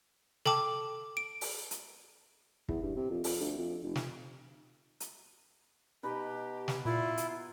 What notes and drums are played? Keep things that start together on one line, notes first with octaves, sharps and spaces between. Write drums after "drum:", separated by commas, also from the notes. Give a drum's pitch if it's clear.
A4 G5 A5 D6, drum: snare
D7
drum: open hi-hat
drum: hi-hat
E2, drum: kick
G2
C3
F2
F2, drum: open hi-hat
D2
F2
F1
drum: snare
drum: hi-hat
B2 D#4 G4 B4
drum: snare
A#2 E4 F4
drum: hi-hat